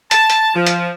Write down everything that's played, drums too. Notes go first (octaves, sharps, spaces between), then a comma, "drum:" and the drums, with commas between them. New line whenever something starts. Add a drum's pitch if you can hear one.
A5, drum: hi-hat
drum: hi-hat
F3
drum: hi-hat